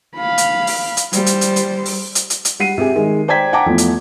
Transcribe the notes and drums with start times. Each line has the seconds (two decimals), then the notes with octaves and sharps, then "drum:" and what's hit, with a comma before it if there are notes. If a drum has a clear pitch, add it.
0.16 F5 B5
0.38 drum: hi-hat
0.67 drum: open hi-hat
0.97 drum: hi-hat
1.13 G3 C5, drum: hi-hat
1.26 drum: hi-hat
1.41 drum: hi-hat
1.56 drum: hi-hat
1.86 drum: open hi-hat
2.15 drum: hi-hat
2.30 drum: hi-hat
2.45 drum: hi-hat
2.60 G3 F#5 C7 D#7
2.78 C3 G4 G#4
2.95 D#3 G#3
3.28 C5 D5 G5 A#5 G#6 B6
3.53 F#5 G5 A5 A#5 D6
3.66 E2 E3 F3 A3 B3
3.78 drum: hi-hat